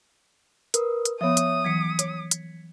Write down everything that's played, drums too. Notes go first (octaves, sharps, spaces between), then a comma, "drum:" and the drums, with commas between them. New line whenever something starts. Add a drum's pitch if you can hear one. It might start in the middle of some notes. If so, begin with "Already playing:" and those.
A#4 B4 D#6, drum: hi-hat
drum: hi-hat
F3 B3 C#5 E5 D#6
drum: hi-hat
E3 F#3 G#6 B6 C#7
C#5, drum: hi-hat
drum: hi-hat